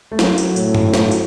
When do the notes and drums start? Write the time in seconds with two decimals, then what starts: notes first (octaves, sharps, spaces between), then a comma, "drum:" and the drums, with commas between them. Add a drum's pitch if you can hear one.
0.12 A3
0.19 F#2 F#3, drum: snare
0.38 drum: tambourine
0.56 A2, drum: tambourine
0.75 drum: tom G2
0.94 F#3, drum: snare
1.11 drum: tambourine